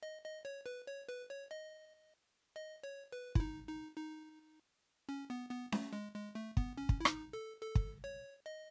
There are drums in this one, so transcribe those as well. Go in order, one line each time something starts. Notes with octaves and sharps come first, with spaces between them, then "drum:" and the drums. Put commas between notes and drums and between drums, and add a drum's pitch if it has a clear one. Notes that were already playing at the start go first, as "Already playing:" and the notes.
D#5
D#5
C#5
B4
C#5
B4
C#5
D#5
D#5
C#5
B4
E4, drum: kick
D#4
D#4
D#4
C#4
B3
B3
A3, drum: snare C#4
G#3
G#3
A3
B3, drum: kick
C#4
drum: kick
E4
D#4, drum: rim click
A4
A4
drum: kick
C#5
D#5